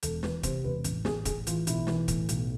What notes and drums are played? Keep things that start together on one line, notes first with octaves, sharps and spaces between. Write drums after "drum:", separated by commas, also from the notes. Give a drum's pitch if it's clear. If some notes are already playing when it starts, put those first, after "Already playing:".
E1 A4, drum: hi-hat
E3 B4, drum: snare
C3 C5, drum: kick, hi-hat
E1 B4
A1, drum: hi-hat
A1 G#4, drum: snare
A1 G#4, drum: kick, hi-hat
E3 F4, drum: hi-hat
B1 E4, drum: hi-hat
E3, drum: snare
A2, drum: kick, hi-hat
B1, drum: hi-hat